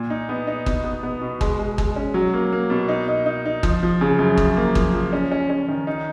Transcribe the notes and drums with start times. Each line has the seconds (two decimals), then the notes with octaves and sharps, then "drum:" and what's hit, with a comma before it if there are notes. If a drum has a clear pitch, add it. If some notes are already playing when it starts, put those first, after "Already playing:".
Already playing: A#2
0.10 D#4
0.29 B3
0.47 D#4
0.66 B2, drum: kick
0.84 B3
1.03 B3
1.22 B2
1.41 G#3, drum: kick
1.59 G#3
1.78 G#3, drum: kick
1.96 C#4
2.14 F#3
2.34 A#3
2.53 A#3
2.70 B2
2.89 D#4
3.08 D#4
3.26 D#4
3.46 D#4
3.63 F3, drum: kick
3.83 F3
4.01 C#3
4.19 F#2
4.37 F3, drum: kick
4.57 A#3
4.75 F3, drum: kick
4.94 F3
5.13 C#4
5.32 C#4
5.50 C#4
5.68 D#3
5.87 D#4